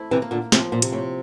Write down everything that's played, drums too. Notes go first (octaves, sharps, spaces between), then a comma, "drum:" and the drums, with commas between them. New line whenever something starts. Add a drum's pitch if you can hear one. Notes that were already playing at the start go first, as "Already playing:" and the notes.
Already playing: A3 C4 E4
C3 E3
A#3
A#2 D3
C3 F3, drum: snare
A#2
C3, drum: hi-hat
A2